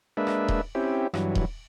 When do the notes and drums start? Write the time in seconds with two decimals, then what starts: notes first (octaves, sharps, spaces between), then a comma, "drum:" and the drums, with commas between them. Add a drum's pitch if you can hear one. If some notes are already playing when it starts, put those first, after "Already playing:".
0.17 G#3 A#3 D4 B4 E5
0.27 drum: rim click
0.48 drum: kick D#1
0.75 C4 C#4 E4 G4
1.14 G2 E3 F#3, drum: rim click
1.35 drum: kick D#1